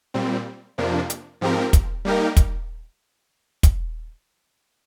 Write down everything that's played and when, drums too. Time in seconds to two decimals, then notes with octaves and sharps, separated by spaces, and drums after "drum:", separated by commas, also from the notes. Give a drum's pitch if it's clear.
0.14 A#2 G3 C4
0.78 F2 C3 F3 A#3 D4
1.10 drum: hi-hat
1.41 G#2 F3 C4 G4 A#4
1.73 drum: kick, hi-hat
2.05 G3 A#3 D#4 G4 A#4
2.37 drum: kick, hi-hat
3.63 drum: kick, hi-hat